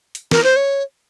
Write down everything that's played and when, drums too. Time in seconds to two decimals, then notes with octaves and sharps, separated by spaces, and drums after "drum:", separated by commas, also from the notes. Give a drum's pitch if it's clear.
0.15 drum: hi-hat
0.31 A#4, drum: snare
0.44 C5
0.56 C#5